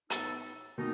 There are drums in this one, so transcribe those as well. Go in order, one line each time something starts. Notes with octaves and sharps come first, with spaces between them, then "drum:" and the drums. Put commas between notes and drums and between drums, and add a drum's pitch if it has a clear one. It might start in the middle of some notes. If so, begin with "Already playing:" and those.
A2 E3 B3 D#4 A4, drum: hi-hat
B2 D#3 C4 D#4